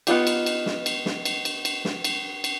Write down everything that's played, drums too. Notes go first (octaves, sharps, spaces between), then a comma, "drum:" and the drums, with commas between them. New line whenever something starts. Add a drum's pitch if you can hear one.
B3 D#4 F4 G4, drum: cymbal
drum: cymbal
drum: cymbal
drum: snare
drum: cymbal
drum: snare
drum: cymbal
drum: cymbal
drum: cymbal
drum: snare
drum: cymbal
drum: cymbal